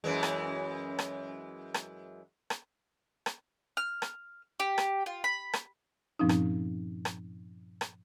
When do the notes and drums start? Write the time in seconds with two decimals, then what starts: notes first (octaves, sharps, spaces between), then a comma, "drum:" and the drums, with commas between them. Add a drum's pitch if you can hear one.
0.04 F#2 E3 G#3
0.23 drum: rim click
0.99 drum: rim click
1.74 drum: rim click
2.50 drum: rim click
3.26 drum: rim click
3.77 F6
4.02 drum: rim click
4.60 G4
4.78 drum: rim click
5.06 F4
5.24 B5
5.53 drum: rim click
6.19 G2 A#2 F3 C4 C#4 D#4
6.29 drum: rim click
7.05 drum: rim click
7.81 drum: rim click